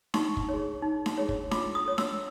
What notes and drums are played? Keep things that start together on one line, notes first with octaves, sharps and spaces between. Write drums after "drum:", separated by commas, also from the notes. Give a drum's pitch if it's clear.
D#4 C#6, drum: snare D4
drum: kick
G#4 C#5
D#4
drum: snare D4
G#4 C#5
drum: kick
F4 D6, drum: snare D4
D#6
A4 C#5
E6, drum: snare D4